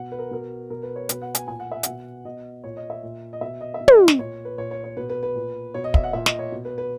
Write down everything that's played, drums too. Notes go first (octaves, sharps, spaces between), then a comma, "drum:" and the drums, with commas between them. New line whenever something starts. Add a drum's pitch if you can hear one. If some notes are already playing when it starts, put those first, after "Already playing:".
Already playing: B2 F#5
B4
A#4
B2 A#4
B2 A#4
B4
C#5
B2 B4, drum: hi-hat
F#5
G#5, drum: hi-hat
A#2 G#5
F#5
E5
B2 F#5, drum: hi-hat
B2 D#5
A#2 C#5
D#5
E5
A#2
D#5
B2 E5
D#5
E5
B2
D#5, drum: tom
drum: snare
A#2 C#5
B4
A#2 C#5
C#5
C#5
B2 B4
B4
B4
A#2
B2 C#5
D#5
E5, drum: kick
F#5
A#2 E5
D#5, drum: snare
C#5
B2
B4
B4